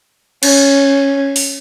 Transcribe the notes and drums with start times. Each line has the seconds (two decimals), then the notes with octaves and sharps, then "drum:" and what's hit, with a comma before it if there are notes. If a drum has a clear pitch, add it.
0.43 C#4, drum: cymbal
1.36 drum: open hi-hat